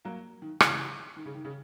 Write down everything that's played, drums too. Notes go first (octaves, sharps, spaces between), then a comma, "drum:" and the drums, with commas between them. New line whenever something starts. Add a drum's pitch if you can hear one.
F#3 A#3
D#3
C#3 E3, drum: rim click
D#3
C#3
D#3
C#3